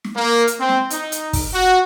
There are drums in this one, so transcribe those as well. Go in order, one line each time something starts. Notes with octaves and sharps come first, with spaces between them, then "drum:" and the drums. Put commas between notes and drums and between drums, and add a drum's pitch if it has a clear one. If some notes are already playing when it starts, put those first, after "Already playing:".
drum: snare
A#3
drum: hi-hat
C4
drum: snare
D#4, drum: hi-hat
drum: hi-hat
drum: kick, open hi-hat
F#4